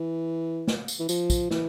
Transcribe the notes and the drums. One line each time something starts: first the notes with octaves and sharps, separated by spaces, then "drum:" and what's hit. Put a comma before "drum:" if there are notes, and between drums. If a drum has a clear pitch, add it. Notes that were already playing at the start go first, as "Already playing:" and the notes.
Already playing: E3
drum: snare
drum: tambourine
E3
F3, drum: tambourine
drum: kick, tambourine
E3, drum: snare